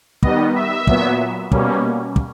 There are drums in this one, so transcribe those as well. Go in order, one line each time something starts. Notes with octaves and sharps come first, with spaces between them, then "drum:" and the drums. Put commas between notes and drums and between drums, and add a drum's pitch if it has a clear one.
D#3 G3 B3 D#5, drum: kick
E5
A#2 F#3 B3, drum: kick
B2 G3 A#3 C#4, drum: kick
drum: kick